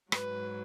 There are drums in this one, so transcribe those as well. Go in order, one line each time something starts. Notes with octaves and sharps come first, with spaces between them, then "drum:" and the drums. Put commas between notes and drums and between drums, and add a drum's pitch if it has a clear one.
G#2 F#3 B4, drum: rim click